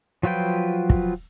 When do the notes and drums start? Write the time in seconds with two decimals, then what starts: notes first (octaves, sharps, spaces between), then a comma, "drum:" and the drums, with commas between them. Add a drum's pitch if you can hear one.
0.23 F3 F#3 F4 B4 G5
0.90 drum: kick